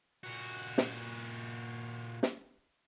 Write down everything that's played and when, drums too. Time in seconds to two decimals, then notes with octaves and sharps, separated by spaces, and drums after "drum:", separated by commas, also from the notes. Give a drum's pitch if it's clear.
0.23 A#2 F#4
0.78 drum: snare
2.23 drum: snare